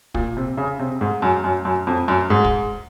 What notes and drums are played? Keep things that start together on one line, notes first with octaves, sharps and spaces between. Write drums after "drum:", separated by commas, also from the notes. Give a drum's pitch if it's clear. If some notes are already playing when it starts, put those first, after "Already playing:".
A#2, drum: kick
C3
C#3
C3
G#2
F#2
F#2
F#2
F2
F#2
G#2
drum: kick